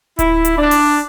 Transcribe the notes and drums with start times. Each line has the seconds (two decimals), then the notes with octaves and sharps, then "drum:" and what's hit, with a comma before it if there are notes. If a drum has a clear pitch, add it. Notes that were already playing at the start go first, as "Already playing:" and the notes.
0.19 E4, drum: kick D1, hi-hat
0.45 drum: hi-hat
0.58 D4
0.71 drum: open hi-hat